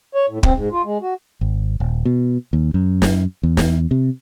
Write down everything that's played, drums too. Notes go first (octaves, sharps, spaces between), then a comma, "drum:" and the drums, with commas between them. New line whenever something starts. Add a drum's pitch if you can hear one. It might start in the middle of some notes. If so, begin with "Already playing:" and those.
C#5
A2
C4, drum: kick
G#2
F4
G#3
F#4
G#1
D#1
B2
D#2
F#2
drum: snare
E2
drum: snare
C3